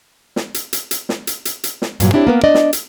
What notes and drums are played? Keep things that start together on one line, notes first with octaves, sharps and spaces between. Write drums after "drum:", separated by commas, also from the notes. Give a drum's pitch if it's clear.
drum: snare
drum: hi-hat
drum: hi-hat
drum: hi-hat
drum: snare
drum: hi-hat
drum: hi-hat
drum: hi-hat
drum: snare
G2 A#2 F#3, drum: hi-hat
C4 D4 E4 G4 C#5
A#3 B3 A#4
D4 D5 D#5
drum: snare
drum: hi-hat